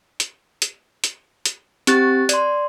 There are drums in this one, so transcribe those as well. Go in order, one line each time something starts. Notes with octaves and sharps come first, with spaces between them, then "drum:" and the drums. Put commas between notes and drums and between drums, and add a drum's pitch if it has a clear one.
drum: hi-hat
drum: hi-hat
drum: hi-hat
drum: hi-hat
C4 G4 F#6 A6, drum: hi-hat
D5 C6, drum: hi-hat